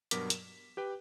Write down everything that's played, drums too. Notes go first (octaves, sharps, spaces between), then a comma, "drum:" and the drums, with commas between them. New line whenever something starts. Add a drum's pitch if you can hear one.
G2 B2 F#3 A#4 D6 B6, drum: hi-hat
E7, drum: hi-hat
G4 B4 G5